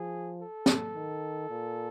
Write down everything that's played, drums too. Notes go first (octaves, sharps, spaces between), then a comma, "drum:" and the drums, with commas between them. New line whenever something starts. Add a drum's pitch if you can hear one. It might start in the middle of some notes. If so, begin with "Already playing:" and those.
Already playing: F3 G#4
A4
drum: snare
D#3
A#2